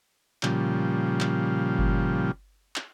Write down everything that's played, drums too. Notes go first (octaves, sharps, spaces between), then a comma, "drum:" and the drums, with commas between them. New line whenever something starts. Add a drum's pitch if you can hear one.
A#2 C#3 F3 G3, drum: clap
drum: clap
drum: kick G1
drum: clap